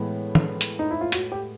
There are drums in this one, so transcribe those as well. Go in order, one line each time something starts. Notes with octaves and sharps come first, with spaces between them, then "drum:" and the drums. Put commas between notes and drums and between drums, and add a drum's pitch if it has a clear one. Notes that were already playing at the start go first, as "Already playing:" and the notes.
Already playing: A2 E3 G#3 B3
drum: tom E3
drum: hi-hat
D#4
E4
F4
F#4, drum: hi-hat
G4